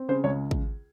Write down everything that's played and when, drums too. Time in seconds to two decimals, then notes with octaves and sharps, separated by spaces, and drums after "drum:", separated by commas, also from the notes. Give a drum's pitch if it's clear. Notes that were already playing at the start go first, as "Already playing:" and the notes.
Already playing: C4
0.09 C#3 C5
0.24 C#2 C#5
0.51 drum: kick